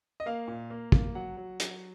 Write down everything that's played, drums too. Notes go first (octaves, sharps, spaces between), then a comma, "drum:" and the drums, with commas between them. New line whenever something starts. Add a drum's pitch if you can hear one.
D#5
A#3 F5
A#2
A#3
A#3, drum: kick
F#3 F#5
F#3
F#3, drum: hi-hat